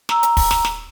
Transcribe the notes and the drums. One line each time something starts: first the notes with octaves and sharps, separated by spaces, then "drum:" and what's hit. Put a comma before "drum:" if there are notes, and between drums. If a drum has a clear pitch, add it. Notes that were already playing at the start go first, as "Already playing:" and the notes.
A#5 E6, drum: snare
drum: hi-hat
drum: kick, open hi-hat
drum: snare
drum: snare